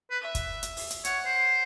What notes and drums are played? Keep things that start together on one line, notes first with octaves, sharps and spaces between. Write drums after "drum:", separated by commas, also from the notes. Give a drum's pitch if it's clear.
B4
E5
drum: kick, hi-hat
drum: hi-hat
drum: open hi-hat
drum: hi-hat
C#5 F#5, drum: hi-hat
C5